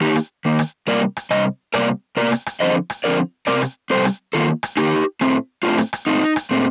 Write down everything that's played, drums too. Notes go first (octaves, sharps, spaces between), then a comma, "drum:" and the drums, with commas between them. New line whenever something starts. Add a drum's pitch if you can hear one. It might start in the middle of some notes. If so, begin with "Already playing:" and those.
D#3 A#3 D#4 G4
drum: rim click
D#3 A#3
drum: rim click
C3 G3 A#3 A#4 D5
drum: rim click
C3 G3 D#5, drum: rim click
C3 G3 A#3 A#4 D5, drum: rim click
C3 G3 A#3 A#4 D5
drum: rim click
drum: rim click
D3 F3 C4 C5 D#5
drum: rim click
D3 F3 C4 A#4 D5
C3 G3 C4 A#4 D5, drum: rim click
drum: rim click
C3 G3 C4 A4 C5
drum: rim click
D#3 A#3 F4 A4
drum: rim click
D#3 A#3 D#4 G4, drum: rim click
A2 A3 C4, drum: rim click
A2 A3 C4 D4 F4
drum: rim click
drum: rim click
A#2 A3 C4 D#4
drum: rim click
A#2 A3 C4